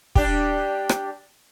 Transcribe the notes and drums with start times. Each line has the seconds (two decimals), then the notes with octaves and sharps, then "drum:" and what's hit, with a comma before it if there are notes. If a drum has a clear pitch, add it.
0.15 G3 D4 G4, drum: kick
0.89 drum: rim click